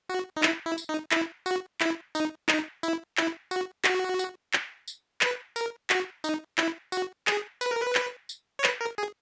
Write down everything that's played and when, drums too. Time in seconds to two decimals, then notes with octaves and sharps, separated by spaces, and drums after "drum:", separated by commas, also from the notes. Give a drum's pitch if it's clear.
0.09 F#4
0.37 D#4
0.43 E4, drum: clap
0.67 E4
0.78 drum: tambourine
0.89 D#4
1.11 E4, drum: clap
1.46 F#4, drum: tambourine
1.81 E4, drum: clap
2.15 D#4, drum: tambourine
2.49 D#4, drum: clap
2.83 E4, drum: tambourine
3.17 E4, drum: clap
3.51 F#4, drum: tambourine
3.85 F#4, drum: clap
4.19 drum: tambourine
4.53 drum: clap
4.88 drum: tambourine
5.21 B4, drum: clap
5.56 A#4, drum: tambourine
5.90 F#4, drum: clap
6.24 D#4, drum: tambourine
6.58 E4, drum: clap
6.92 F#4, drum: tambourine
7.27 G#4, drum: clap
7.61 B4, drum: tambourine
7.71 A#4
7.82 B4
7.95 drum: clap
8.29 drum: tambourine
8.59 C#5
8.64 B4, drum: clap
8.81 A#4
8.98 G#4